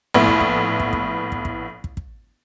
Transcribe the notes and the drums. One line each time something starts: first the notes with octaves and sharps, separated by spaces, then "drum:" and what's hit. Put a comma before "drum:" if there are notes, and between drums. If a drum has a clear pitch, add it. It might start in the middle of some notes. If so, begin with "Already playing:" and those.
A#1 A2 A3 B3 E4
drum: kick
drum: kick
drum: kick
drum: kick
drum: kick
drum: kick
drum: kick
drum: kick